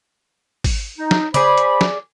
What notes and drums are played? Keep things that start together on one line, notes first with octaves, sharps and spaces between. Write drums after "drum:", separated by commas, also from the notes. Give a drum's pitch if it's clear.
drum: kick G#1, open hi-hat
D#4
drum: snare
G#4 C5 D5 B5, drum: tom C#3
drum: hi-hat
drum: snare